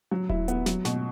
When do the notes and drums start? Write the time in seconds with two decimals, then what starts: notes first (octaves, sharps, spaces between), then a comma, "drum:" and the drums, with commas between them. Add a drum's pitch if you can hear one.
0.11 F#3
0.29 E4, drum: kick D#1
0.48 B3, drum: hi-hat
0.66 F#3, drum: snare
0.85 B2, drum: snare